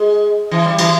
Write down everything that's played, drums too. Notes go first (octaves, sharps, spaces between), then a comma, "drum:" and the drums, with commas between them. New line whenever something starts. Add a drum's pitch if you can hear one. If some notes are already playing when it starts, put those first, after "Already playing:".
Already playing: G#3
E3
G3
E3, drum: cymbal